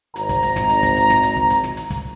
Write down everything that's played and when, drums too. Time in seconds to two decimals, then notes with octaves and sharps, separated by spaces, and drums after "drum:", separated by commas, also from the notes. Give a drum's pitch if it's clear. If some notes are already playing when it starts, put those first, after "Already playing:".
0.16 G#1 A#5, drum: hi-hat
0.29 drum: kick, hi-hat
0.43 drum: hi-hat
0.56 drum: snare
0.70 drum: hi-hat
0.83 drum: kick, hi-hat
0.96 drum: hi-hat
1.10 drum: snare
1.23 drum: hi-hat
1.37 drum: kick
1.50 drum: hi-hat
1.64 drum: snare
1.77 drum: hi-hat
1.90 drum: kick, hi-hat